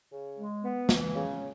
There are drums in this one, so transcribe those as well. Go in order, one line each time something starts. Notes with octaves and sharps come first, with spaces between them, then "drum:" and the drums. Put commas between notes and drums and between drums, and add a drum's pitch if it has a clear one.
C#3
G#3
B3
E3, drum: snare
C#3